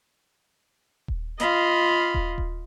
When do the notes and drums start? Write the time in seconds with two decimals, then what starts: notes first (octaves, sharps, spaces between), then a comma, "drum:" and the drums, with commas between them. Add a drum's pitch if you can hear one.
1.08 drum: kick D#1
1.40 F4 D#5 F5 B5, drum: hi-hat
2.14 drum: kick D#1
2.38 drum: kick D#1